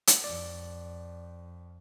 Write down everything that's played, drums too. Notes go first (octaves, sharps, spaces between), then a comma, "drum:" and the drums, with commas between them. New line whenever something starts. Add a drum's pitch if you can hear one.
drum: hi-hat
F2 D5